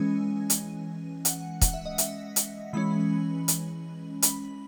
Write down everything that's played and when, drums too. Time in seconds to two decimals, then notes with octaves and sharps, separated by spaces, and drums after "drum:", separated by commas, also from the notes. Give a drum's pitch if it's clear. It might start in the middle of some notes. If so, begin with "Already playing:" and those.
Already playing: E3 G#3 C#4 G#5
0.50 drum: hi-hat
1.25 F#5, drum: hi-hat
1.61 F#5, drum: kick, hi-hat
1.73 E5
1.85 D#5
1.98 E5, drum: hi-hat
2.36 drum: hi-hat
2.73 E3 G#3 C#4 B5
3.48 drum: hi-hat
4.22 B5, drum: hi-hat